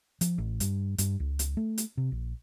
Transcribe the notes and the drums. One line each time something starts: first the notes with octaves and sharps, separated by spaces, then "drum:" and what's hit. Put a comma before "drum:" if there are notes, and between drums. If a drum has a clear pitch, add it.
F3, drum: hi-hat
A1
G2, drum: hi-hat
G2, drum: hi-hat
C#2
drum: hi-hat
A3
drum: hi-hat
C3
A#1